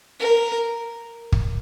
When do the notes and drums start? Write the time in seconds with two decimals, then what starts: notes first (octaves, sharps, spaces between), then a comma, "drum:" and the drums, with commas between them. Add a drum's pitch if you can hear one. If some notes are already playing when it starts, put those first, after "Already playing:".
0.20 A#4
1.32 drum: kick